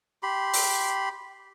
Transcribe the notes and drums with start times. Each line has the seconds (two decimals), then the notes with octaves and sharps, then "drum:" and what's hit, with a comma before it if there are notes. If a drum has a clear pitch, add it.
0.23 G4 B5 C6
0.54 drum: open hi-hat